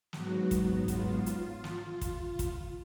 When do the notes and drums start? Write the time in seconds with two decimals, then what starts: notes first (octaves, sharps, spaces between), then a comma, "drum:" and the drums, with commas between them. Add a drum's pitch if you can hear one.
0.13 G#2 F#3 B3 F#4, drum: snare
0.51 drum: kick, hi-hat
0.88 F4, drum: kick, hi-hat
1.26 drum: hi-hat
1.64 drum: snare
2.01 drum: kick, hi-hat
2.39 drum: kick, hi-hat